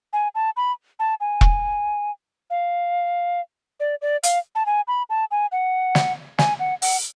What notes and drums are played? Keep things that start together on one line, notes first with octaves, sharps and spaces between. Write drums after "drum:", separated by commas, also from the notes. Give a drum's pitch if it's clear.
G#5
A5
B5
A5
G#5
drum: kick E1
F5
D5
D5
F5, drum: hi-hat
A5
G#5
B5
A5
G#5
F#5
drum: snare
G#5, drum: snare
F#5
F#5, drum: open hi-hat